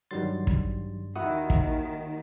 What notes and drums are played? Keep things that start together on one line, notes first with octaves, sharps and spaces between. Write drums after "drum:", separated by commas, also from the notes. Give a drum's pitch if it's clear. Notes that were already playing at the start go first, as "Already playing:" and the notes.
G2 D#3 F#3 G3 C6 A6
drum: kick
D#2 D#3 E4 F#4 F#5 D#6
drum: kick